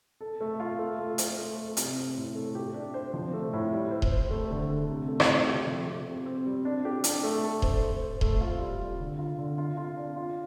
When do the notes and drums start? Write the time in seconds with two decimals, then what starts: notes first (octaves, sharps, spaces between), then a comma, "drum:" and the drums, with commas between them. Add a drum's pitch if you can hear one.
0.21 A4
0.40 A3
0.60 F4
0.79 A3
0.99 A3
1.18 C5, drum: hi-hat
1.39 A3
1.57 A3
1.77 C3, drum: hi-hat
1.97 C4
2.17 A2
2.35 A3
2.55 G4
2.74 D4
2.94 C5
3.14 F3
3.33 A3
3.53 A2
3.73 G3
3.91 C5
4.02 drum: kick D#1
4.11 C5
4.31 A3
4.51 D3
4.70 A3
4.90 C3
5.08 A3
5.20 drum: rim click
5.29 A3
5.47 G4
5.67 F3
5.87 G4
6.07 C4
6.26 C4
6.46 G3
6.65 D4
6.85 G4
7.04 D4, drum: hi-hat
7.23 A3
7.44 A4
7.62 C5, drum: kick D#1
7.82 C5
8.02 C5
8.21 A3, drum: kick D#1
8.41 F4
8.60 G3
8.79 G3
9.00 D3
9.19 F4
9.39 D3
9.58 F4
9.77 F4
9.97 D4
10.16 F4